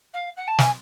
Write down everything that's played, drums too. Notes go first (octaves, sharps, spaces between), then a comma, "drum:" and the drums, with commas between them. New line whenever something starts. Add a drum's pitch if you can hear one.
F5
F#5
A5
G#5, drum: snare